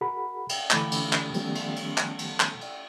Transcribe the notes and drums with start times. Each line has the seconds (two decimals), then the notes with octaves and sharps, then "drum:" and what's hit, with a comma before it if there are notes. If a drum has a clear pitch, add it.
0.01 F#4 G#4 A#4 F#5 A#5 B5
0.49 drum: cymbal
0.71 D3 E3 A3 B5 D6, drum: clap
0.92 drum: cymbal
1.13 drum: clap
1.34 D#3 F3 G3 A3 B3 C#4, drum: cymbal
1.55 drum: cymbal
1.76 drum: cymbal
1.98 drum: clap
2.19 drum: cymbal
2.40 drum: clap
2.61 drum: cymbal